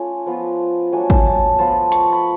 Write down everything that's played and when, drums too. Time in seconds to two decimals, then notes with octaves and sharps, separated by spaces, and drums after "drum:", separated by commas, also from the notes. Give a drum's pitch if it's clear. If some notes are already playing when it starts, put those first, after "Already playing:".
Already playing: A3 C#4 F4 G#5
0.26 F3 B3 F4
0.92 F#3 A3 D4 G#5
1.10 drum: kick
1.26 A5
1.59 F3 B3 F4 A5
1.92 C#6, drum: hi-hat
2.13 B5